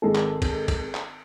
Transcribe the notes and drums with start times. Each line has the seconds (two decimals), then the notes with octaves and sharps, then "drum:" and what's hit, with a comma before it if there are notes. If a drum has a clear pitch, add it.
0.02 G#1 G#3 A4
0.15 drum: clap
0.42 drum: kick, cymbal
0.68 drum: kick, cymbal
0.95 drum: clap